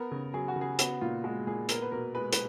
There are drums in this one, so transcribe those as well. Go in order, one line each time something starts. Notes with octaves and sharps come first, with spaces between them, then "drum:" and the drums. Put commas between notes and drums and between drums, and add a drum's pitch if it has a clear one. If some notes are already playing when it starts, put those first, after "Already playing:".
Already playing: B3 A#4
C#3
F#3 G#4
F#4
C#3
G#4
B3 F#4, drum: hi-hat
A#2 F4
G#3 F#4
A#2 G#4
B3 A#4, drum: hi-hat
B4
B2 A#4
G#3 B4
B4, drum: hi-hat